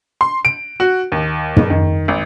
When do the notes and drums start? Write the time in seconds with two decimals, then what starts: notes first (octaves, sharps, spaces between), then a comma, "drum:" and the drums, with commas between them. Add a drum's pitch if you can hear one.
0.21 C6
0.45 D7
0.80 F#4
1.12 D#2
1.57 drum: tom
1.70 D#3
2.08 G#1